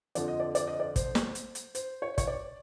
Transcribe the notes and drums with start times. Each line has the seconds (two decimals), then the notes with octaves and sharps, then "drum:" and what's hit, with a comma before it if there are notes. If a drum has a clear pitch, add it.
0.15 F2 D3 F3 D5, drum: hi-hat
0.28 D#5
0.40 D5
0.55 D5, drum: hi-hat
0.67 D#5
0.80 D5
0.96 C5, drum: kick, hi-hat
1.15 drum: snare
1.35 drum: hi-hat
1.55 drum: hi-hat
1.75 C5, drum: hi-hat
2.02 C#5
2.18 C#5, drum: kick, hi-hat
2.28 D5